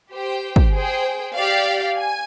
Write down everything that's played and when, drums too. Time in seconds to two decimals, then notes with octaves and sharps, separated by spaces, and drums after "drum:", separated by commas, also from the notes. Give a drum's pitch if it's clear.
0.11 G4 C5 G5
0.56 drum: kick
0.73 G#4 C5 G5
1.35 G4 D5 F5
1.96 G#5